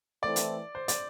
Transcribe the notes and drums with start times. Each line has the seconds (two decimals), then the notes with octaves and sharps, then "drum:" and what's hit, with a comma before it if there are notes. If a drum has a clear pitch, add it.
0.23 E3 A3 C4 E4 A4 D5
0.36 drum: hi-hat
0.75 C5
0.88 D5, drum: hi-hat